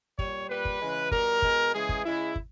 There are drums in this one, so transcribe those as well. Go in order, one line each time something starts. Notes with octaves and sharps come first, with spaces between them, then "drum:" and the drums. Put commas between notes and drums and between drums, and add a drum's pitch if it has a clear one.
A#2 G3 C#5, drum: kick
A#2 G3 B4
drum: kick
C#3 E3 G#3
B2 G3 A#4, drum: kick
B2 G#3, drum: kick
C#3 E3 G#3 G#4
drum: kick
C#3 G#3 E4
drum: kick